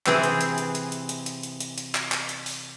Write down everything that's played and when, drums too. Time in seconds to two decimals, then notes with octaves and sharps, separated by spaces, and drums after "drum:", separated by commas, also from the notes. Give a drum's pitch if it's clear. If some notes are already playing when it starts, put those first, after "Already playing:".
0.06 C3 E3 C4 G#4, drum: clap
0.23 drum: hi-hat
0.41 drum: hi-hat
0.58 drum: hi-hat
0.75 drum: hi-hat
0.92 drum: hi-hat
1.09 drum: hi-hat
1.26 drum: hi-hat
1.43 drum: hi-hat
1.60 drum: hi-hat
1.78 drum: hi-hat
1.95 drum: clap
2.12 drum: clap
2.29 drum: hi-hat
2.46 drum: open hi-hat